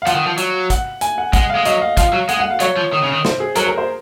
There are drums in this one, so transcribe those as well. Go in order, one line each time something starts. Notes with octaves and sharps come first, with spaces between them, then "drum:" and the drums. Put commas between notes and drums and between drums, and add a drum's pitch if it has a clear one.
F5
F3 F#5, drum: hi-hat
D#3
F3
F#3, drum: hi-hat
F#5, drum: kick, hi-hat
G#5, drum: hi-hat
F#5
G#3 F#5, drum: kick, hi-hat
F5
G#3
F#3 D#5, drum: hi-hat
F5
F3 F5, drum: kick, hi-hat
F#3
G#3 F#5, drum: hi-hat
F#5
F5
F#3 C#5, drum: hi-hat
F3
D#3
C#3
D#3
C5, drum: snare
G#4
F#3 A#4, drum: hi-hat
A#4
C5